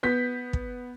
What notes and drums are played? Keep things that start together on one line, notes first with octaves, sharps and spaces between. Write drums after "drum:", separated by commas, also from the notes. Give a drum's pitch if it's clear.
B3 G6 B6
drum: kick